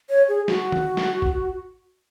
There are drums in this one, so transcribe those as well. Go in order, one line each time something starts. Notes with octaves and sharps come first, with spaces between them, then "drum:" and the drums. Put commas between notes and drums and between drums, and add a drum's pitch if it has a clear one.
C#5
G#4
F#4, drum: snare
drum: tom
drum: snare
drum: kick